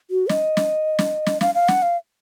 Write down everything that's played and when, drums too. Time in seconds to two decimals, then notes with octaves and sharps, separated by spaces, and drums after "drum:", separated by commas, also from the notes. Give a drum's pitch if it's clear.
0.11 F#4
0.29 D#5, drum: snare
0.57 drum: snare
0.99 drum: snare
1.26 drum: snare
1.41 F5, drum: snare
1.55 F5
1.68 F#5, drum: snare
1.82 F5